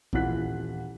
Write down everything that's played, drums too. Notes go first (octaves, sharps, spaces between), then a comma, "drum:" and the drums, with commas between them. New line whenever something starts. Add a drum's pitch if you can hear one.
D#1 E3 F4 F#5 F#6 B6, drum: kick